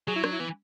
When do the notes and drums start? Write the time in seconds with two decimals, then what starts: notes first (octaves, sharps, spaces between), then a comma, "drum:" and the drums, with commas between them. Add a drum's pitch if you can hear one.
0.07 F#3 G#4
0.16 E4
0.24 D4, drum: rim click
0.32 E4
0.39 E3 B3